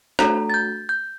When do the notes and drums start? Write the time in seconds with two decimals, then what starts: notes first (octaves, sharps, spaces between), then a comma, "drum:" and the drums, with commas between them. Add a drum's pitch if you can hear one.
0.19 A3 D4 F#4 A4 A#5, drum: rim click
0.50 A6
0.54 G6
0.89 G6